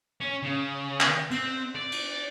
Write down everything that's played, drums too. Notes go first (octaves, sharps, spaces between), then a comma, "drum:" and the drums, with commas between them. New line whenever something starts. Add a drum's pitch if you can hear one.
C#4
C#3
drum: clap
C4, drum: cymbal
D5
drum: cymbal